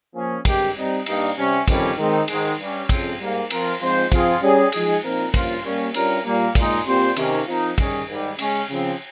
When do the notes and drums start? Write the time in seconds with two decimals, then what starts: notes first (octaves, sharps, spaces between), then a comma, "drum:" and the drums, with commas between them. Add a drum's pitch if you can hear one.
0.15 F3 A#3 C#4 G#4
0.45 G2 D#3 G#3 C4 G4, drum: kick, cymbal
0.76 G3 C4 D#4
1.06 G2 G3 A#3 D#4, drum: cymbal
1.37 C3 G3 C#4
1.68 F2 D#3 G3 C#4, drum: kick, cymbal
1.98 D#3 G#3 C4 D#4
2.28 G#2 D#3 G#3, drum: cymbal
2.59 G2 G3 C#4
2.89 F2 C#3 F3 C4, drum: kick, cymbal
3.20 G#2 G3 A#3
3.50 F3 C4 F4 A#4, drum: cymbal
3.81 G#2 F3 C4 F4 C5
4.12 F3 C4 F4 G#4, drum: kick, cymbal
4.42 G3 C#4 G#4
4.72 F3 G#3 D#4 G#4, drum: cymbal
5.03 A#2 F3 C4 D#4 A#4
5.34 G2 F3 A#3 C#4 F4, drum: kick, cymbal
5.64 G3 A#3 C#4
5.94 G2 G3 C#4 F4 A#4, drum: cymbal
6.25 A#2 G3 A#3
6.55 A#2 G#3 D#4, drum: kick, cymbal
6.86 A#2 G3 C4 G4 C5
7.16 C3 D#3 A#3 C#4, drum: cymbal
7.47 F3 C4 D#4 A#4
7.78 D#3 G3 C#4 G#4, drum: kick, cymbal
8.08 G#2 D#3 G3
8.39 C#3 G#3 C#4, drum: cymbal
8.69 C#3 F3 C4